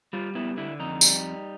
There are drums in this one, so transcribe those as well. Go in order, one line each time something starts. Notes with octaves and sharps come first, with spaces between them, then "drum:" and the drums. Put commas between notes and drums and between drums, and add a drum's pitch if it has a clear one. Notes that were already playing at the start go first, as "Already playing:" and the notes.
G3 F4
B3 E4
D3 E4
F2 D#4
G3, drum: tambourine